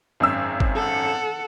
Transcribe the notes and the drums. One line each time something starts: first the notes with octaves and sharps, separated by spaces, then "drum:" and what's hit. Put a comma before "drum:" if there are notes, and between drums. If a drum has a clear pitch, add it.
G#1 F#2 E6
drum: kick G1
A4 F#5